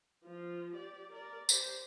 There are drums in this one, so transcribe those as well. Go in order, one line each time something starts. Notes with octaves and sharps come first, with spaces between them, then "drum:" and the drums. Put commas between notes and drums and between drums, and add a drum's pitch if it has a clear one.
F3 F4
G4 D5
A#4 D5
G4 C5, drum: tambourine